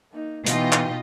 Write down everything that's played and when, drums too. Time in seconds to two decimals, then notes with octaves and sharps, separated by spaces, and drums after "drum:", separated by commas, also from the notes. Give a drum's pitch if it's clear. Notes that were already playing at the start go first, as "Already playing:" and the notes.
0.12 A#3 D#4
0.46 B2 E3 D#4 F4 D#5 G5, drum: hi-hat
0.72 drum: clap